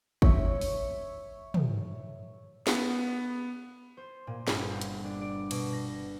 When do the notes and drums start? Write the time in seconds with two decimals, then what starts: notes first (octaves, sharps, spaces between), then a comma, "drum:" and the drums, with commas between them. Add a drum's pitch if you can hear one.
0.22 C#5 E5, drum: kick
0.61 drum: open hi-hat
1.54 drum: tom
2.67 B3, drum: snare
3.97 C5
4.27 A#2
4.48 G1, drum: snare
4.81 drum: hi-hat
5.04 D4
5.21 D5
5.51 B2, drum: cymbal
5.73 A#6